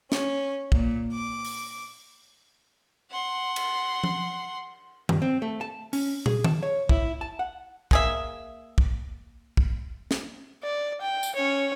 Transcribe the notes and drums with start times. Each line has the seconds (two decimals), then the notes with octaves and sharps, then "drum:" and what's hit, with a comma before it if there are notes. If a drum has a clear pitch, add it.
0.12 C#4, drum: snare
0.72 A#2, drum: kick
1.12 D6
1.45 drum: open hi-hat
3.11 F#5 C6
3.56 drum: cymbal
4.04 drum: tom F3
5.09 G2, drum: tom
5.22 C4
5.42 A3
5.61 A5
5.93 C#4, drum: open hi-hat
6.26 G#4, drum: tom
6.44 A5, drum: tom
6.63 C#5
6.89 E4, drum: kick
7.21 A5
7.39 F#5
7.91 A#3 G#4 E5, drum: kick
8.78 drum: kick
9.57 drum: kick
10.11 drum: snare
10.63 D5
11.01 G5
11.23 drum: tambourine
11.36 C#4 C#5